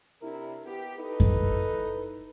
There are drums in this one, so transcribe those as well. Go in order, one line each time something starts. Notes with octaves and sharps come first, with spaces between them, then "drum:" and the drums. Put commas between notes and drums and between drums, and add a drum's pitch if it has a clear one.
C3 D4 E4 A#4
B3 G4
D#4 E4 A4 B4
drum: kick F#2